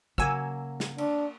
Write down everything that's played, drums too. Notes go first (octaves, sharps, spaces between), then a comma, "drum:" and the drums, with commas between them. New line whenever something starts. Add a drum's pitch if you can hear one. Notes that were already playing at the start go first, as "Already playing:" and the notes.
C#3 F#3 A#3 G#5 E6, drum: kick
drum: snare
D4, drum: cymbal